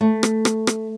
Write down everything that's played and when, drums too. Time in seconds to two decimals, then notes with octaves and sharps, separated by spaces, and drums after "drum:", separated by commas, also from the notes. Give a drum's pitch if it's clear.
0.01 A3
0.23 drum: rim click
0.45 drum: rim click
0.67 drum: rim click